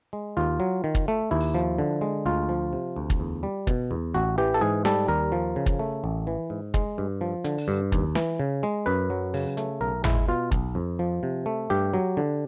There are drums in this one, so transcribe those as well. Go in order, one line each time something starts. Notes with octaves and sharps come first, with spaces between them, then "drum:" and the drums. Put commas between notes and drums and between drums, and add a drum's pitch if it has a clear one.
G#3
D#2 F4
F#3
D#3
drum: kick
A3
D#2 E4
drum: open hi-hat
F3
D3
G#3
D2 F4
F3
C3
D2
drum: kick
E2
G3
B2, drum: kick
E2
A1 F#4
E3 G4
A4
G#2 G#4
G3 A4, drum: snare
D#2 A#4
F3
C#3
drum: kick
A3
A1
E3
G#2
G#3, drum: kick
G2
F3
D3, drum: hi-hat
drum: open hi-hat
G2
D#2, drum: kick
E3, drum: snare
C#3
G#3
F#2 B4
F#3
C#3, drum: open hi-hat
A3, drum: hi-hat
B1 A#4
G#3 E4, drum: tom G#1
B2 F4
B1, drum: kick
F2
F3
C3
A3
G2 G4
F#3
D3